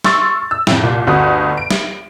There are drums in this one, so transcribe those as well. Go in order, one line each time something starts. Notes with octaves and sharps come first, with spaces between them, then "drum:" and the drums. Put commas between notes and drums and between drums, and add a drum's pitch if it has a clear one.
C6 C#6 E6 F6 A6, drum: snare
E6
F2 A2, drum: snare
C2 A#2
G1 D2 F#4 D#6
D7
drum: snare